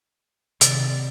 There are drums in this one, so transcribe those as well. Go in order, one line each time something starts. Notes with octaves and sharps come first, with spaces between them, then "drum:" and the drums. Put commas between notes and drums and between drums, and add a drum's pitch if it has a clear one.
C3 D#3 D5, drum: hi-hat